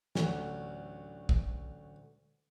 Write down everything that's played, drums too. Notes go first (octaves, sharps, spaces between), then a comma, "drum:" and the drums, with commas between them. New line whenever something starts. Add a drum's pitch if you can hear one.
A1 D2 F#3, drum: snare
drum: kick